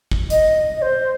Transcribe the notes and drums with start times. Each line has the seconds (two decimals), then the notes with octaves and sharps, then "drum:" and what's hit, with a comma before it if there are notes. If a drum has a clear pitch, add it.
0.11 drum: kick G#1
0.30 D#5, drum: hi-hat
0.77 D#5
0.82 C5